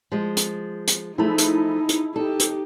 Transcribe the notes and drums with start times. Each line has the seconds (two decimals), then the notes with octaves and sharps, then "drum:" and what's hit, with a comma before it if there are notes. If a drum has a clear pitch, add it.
0.12 F3 G#3
0.37 drum: hi-hat
0.88 drum: hi-hat
1.18 F3 A3 D#4 E4 G#4 A5
1.38 drum: hi-hat
1.89 drum: hi-hat
2.16 D#4 G4 A4
2.40 drum: hi-hat